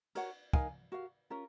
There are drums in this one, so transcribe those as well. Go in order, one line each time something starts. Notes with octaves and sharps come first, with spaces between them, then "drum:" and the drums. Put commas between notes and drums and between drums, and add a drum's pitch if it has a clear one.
F#4 A#4 C#5 F#5, drum: cymbal
D#4 A#4 F5 G#5, drum: kick
F#4 A#4 F5
C#4 F4 A#4